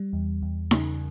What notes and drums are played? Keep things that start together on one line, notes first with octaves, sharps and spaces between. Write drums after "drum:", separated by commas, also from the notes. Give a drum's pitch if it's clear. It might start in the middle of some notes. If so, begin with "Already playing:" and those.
Already playing: G3
E2
E2
C#3, drum: snare D#4